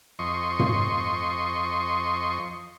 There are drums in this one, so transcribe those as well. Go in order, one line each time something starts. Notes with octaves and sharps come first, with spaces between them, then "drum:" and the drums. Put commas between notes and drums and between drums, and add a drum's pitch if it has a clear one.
F2 D#5 C6 C#6
drum: tom